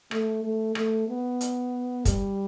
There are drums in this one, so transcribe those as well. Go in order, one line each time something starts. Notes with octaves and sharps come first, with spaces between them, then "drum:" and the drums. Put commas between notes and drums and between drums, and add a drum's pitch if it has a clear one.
A3, drum: rim click
A3
A3, drum: rim click
B3
drum: hi-hat
G3, drum: kick, hi-hat